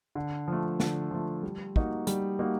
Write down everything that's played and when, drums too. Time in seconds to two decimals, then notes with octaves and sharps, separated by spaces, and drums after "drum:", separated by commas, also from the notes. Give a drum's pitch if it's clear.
0.15 D3
0.48 F3 A3
0.80 D3, drum: snare
1.11 F3 A3
1.43 G3
1.76 A#3 D#4 F#4, drum: kick
2.07 G3, drum: hi-hat
2.39 A#3 D#4 F#4